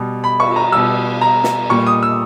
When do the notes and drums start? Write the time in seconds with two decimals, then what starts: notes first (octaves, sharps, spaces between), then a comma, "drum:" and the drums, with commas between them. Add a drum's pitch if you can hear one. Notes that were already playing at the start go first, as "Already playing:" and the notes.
Already playing: B2 G3
0.24 B5
0.40 C#6, drum: cymbal
0.56 A#5
0.72 B2 G3 E6
1.21 A#5
1.44 drum: snare
1.70 A#2 G3 C#6
1.87 D#6
2.03 E6